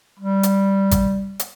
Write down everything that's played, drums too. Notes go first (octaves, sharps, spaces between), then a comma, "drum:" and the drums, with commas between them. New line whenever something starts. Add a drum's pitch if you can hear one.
G3
drum: hi-hat
drum: kick, hi-hat
drum: hi-hat